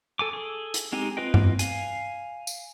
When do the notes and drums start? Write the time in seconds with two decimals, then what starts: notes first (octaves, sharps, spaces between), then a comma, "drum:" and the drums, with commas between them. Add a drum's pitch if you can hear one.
0.19 A4 G#5 D6
0.33 G#4 A4
0.74 drum: hi-hat
0.93 G#3 C4 D#4 G4 G#5
1.17 C4 F4 B4 D#5 G5
1.34 drum: tom G2
1.59 F5 G#5, drum: hi-hat
2.47 drum: tambourine